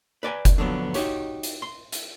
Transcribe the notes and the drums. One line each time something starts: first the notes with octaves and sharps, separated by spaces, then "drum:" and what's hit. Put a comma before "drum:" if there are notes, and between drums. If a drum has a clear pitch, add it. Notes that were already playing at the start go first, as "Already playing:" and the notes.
B4 D5 G5 G#5
drum: kick F1, hi-hat
D3 F3 F#3 B3
D#4 F#4 G4 C#5, drum: hi-hat
drum: hi-hat
C6
drum: hi-hat